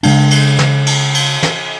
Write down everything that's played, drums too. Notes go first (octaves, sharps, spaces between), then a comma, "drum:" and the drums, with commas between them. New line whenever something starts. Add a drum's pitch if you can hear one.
C#3 G#3 D4, drum: cymbal
drum: cymbal
drum: snare
drum: cymbal
drum: cymbal
drum: snare